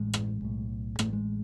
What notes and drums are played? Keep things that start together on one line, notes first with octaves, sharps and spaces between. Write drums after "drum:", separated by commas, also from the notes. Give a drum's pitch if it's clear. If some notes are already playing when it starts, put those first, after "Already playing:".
Already playing: A1 A2 G#3
drum: rim click
B1 A2
A1 A2 A3, drum: rim click
G#3